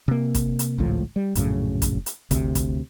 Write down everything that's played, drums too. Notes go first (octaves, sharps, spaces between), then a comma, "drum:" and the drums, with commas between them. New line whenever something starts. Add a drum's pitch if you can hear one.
C3 A#3
drum: kick, hi-hat
drum: hi-hat
G#1 C#2 A2 F3
G3
A#1 F#2 A2 C#3, drum: hi-hat
drum: kick, hi-hat
drum: hi-hat
D2 C3, drum: kick, hi-hat
drum: kick, hi-hat